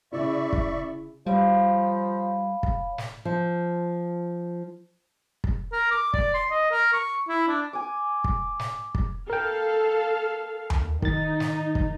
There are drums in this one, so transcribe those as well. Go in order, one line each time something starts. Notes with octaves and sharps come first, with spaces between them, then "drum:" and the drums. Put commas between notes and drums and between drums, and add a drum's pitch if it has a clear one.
C#3 E4 D5 E5 C#6
drum: kick
F3 G3 C#5 F5 B5
drum: kick
drum: snare
F3
drum: kick
A#4
D6
D5, drum: kick
C6
D#5
A#4
C#6
E4
D4
G#5 D6
drum: kick
drum: snare
drum: kick
A4 A#4 F5 G5
drum: tom D#2
D#3 D#4 A6, drum: kick
drum: snare
drum: kick